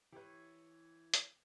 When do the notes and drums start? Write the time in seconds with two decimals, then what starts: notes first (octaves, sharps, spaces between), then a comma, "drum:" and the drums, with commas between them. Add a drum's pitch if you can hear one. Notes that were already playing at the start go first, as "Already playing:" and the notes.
0.13 E3 G4 B4 C#5
1.14 drum: hi-hat